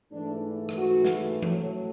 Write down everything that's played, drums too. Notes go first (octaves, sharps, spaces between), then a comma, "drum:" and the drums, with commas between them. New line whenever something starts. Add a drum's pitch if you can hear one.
G#2 E3 A3 D4
drum: rim click
F#4
drum: snare
A2 F#3 A3, drum: tom E3